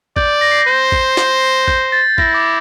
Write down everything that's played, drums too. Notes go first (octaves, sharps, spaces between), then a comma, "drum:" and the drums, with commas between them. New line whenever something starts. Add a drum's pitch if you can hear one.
D5 G6, drum: kick
A#6
C7
A#6
C5
drum: kick
drum: snare
G6, drum: kick
A6
E4 A#6, drum: kick
D6